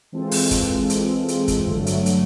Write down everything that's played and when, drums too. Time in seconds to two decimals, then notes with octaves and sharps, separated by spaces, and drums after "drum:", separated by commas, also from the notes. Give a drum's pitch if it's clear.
0.12 E3 G#3 C4 F4 A4
0.31 drum: open hi-hat
0.51 drum: kick, hi-hat
0.90 drum: hi-hat
1.28 drum: hi-hat
1.48 drum: kick, hi-hat
1.67 G2 D3 F#3 A3
1.86 drum: hi-hat
2.06 drum: hi-hat